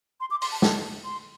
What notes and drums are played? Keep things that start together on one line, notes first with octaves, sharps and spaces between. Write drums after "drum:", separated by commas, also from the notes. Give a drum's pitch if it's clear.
C6
D6
C6, drum: open hi-hat
A5
A5, drum: snare
C6